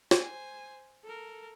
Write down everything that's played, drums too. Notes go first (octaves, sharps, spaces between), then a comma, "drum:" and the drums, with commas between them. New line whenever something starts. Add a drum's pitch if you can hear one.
C5 G#5, drum: snare
A4 A#4